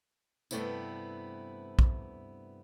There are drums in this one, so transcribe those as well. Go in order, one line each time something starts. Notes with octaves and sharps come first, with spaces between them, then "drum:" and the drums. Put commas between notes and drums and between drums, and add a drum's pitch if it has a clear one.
G2 C3 A3 B3 C4 E4, drum: tambourine
drum: kick A#1